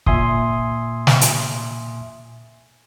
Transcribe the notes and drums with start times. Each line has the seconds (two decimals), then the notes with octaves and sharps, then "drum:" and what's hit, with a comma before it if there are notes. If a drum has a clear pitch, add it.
0.06 A#2 E5 G#5 C6 D#6, drum: kick
1.07 drum: snare
1.21 drum: hi-hat